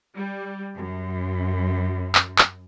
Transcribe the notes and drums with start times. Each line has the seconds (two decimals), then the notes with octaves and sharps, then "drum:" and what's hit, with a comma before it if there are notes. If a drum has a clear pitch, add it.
0.16 G3
0.74 F#2
2.15 drum: clap
2.38 drum: clap